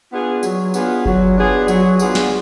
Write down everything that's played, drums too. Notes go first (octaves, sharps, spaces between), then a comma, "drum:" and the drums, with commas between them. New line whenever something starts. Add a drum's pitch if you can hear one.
B3 D4 F4 G#4
F#3, drum: tambourine
B3 D4 F4 G#4, drum: tambourine
F#3, drum: kick G1
B3 D4 F4 G#4
F#3, drum: tambourine
B3 D4 F4 G#4, drum: tambourine
drum: snare